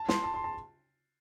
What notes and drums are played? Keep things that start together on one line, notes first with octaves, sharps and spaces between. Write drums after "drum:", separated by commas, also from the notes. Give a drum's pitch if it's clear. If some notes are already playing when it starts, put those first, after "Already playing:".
Already playing: A5
C6, drum: snare
A5
C6
A5